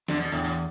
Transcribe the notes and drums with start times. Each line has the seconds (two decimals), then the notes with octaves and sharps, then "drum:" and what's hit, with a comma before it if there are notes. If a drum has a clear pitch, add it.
0.08 E2 D3, drum: snare
0.21 B2
0.32 E2 A2
0.44 A2